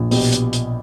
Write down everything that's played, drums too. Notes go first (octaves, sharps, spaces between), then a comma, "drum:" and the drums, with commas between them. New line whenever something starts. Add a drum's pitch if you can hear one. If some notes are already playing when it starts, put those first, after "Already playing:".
Already playing: A#1
B2 G4, drum: open hi-hat
drum: hi-hat
drum: hi-hat